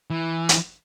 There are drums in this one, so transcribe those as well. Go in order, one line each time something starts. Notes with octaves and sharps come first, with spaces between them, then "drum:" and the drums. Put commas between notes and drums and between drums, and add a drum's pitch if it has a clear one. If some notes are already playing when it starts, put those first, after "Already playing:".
E3
drum: hi-hat